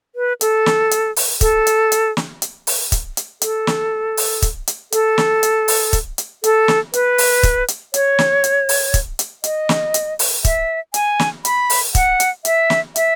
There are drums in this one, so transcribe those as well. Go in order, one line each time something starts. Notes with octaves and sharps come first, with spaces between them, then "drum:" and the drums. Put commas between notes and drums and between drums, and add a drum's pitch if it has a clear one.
B4
A4, drum: hi-hat
drum: snare
drum: hi-hat
drum: open hi-hat
A4, drum: kick, hi-hat
drum: hi-hat
drum: hi-hat
drum: snare
drum: hi-hat
drum: open hi-hat
drum: kick, hi-hat
drum: hi-hat
A4, drum: hi-hat
drum: snare
drum: open hi-hat
drum: kick, hi-hat
drum: hi-hat
A4, drum: hi-hat
drum: snare
drum: hi-hat
drum: open hi-hat
drum: kick, hi-hat
drum: hi-hat
A4, drum: hi-hat
drum: snare
B4, drum: hi-hat
drum: open hi-hat
drum: kick, hi-hat
drum: hi-hat
C#5, drum: hi-hat
drum: snare
drum: hi-hat
drum: open hi-hat
drum: kick, hi-hat
drum: hi-hat
D#5, drum: hi-hat
drum: snare
drum: hi-hat
drum: open hi-hat
E5, drum: kick, hi-hat
G#5, drum: hi-hat
drum: snare
B5, drum: hi-hat
drum: open hi-hat
F#5, drum: kick, hi-hat
drum: hi-hat
E5, drum: hi-hat
drum: snare
E5, drum: hi-hat